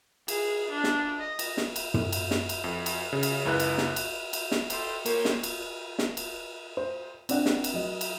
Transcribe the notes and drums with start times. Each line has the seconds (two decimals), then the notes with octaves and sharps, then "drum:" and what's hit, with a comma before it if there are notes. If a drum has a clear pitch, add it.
0.28 G#4, drum: cymbal
0.70 D4
0.84 drum: snare
1.20 D#5
1.39 drum: cymbal
1.57 drum: snare
1.76 drum: cymbal
1.94 drum: tom
2.12 drum: cymbal
2.31 drum: snare
2.49 drum: cymbal
2.64 F2
2.86 drum: cymbal
3.13 C#3
3.23 drum: cymbal
3.45 C#2 F#2 E4 B4 F#6
3.60 drum: cymbal
3.78 drum: snare
3.96 drum: cymbal
4.33 drum: cymbal
4.51 drum: snare
4.70 G4 A4 C5 C6, drum: cymbal
5.06 A#3 G4 A#4 C5 C#5, drum: cymbal
5.25 drum: snare
5.43 drum: cymbal
5.99 drum: snare
6.17 drum: cymbal
6.77 C5
7.29 C4 D4 D5 F#5, drum: cymbal
7.46 drum: snare
7.64 drum: cymbal
7.74 F#3 D#5
8.01 drum: cymbal